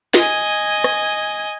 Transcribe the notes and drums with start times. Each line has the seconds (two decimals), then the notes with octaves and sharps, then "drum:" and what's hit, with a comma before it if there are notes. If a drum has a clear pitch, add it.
0.14 D#5 G#5, drum: snare
0.84 drum: rim click